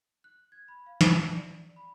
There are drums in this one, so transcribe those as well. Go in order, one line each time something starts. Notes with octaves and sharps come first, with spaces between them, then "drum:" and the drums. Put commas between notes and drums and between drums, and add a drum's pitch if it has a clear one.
F#6
G#6
B5
F5
A5, drum: snare
D5
B5